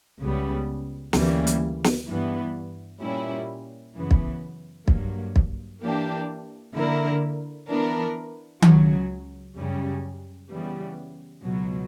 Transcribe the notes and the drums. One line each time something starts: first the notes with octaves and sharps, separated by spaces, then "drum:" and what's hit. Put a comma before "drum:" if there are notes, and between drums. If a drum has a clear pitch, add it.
C#2 C#3 G3 B3
D2 C#3 E3 G3 A#3, drum: snare
drum: hi-hat
drum: snare
G2 E3 B3
A#2 G3 C#4 E4
F#2 C#3 E3 B3
drum: kick
G2 F#3 A#3, drum: kick
drum: kick
E3 A#3 D4 G4
D3 A#3 E4 A#4
E3 B3 D4 A#4
C#2 C#3 F#3, drum: tom D#3
F#2 C#3 G3 C#4
C#3 E3 G3 B3
C#2 B2 F#3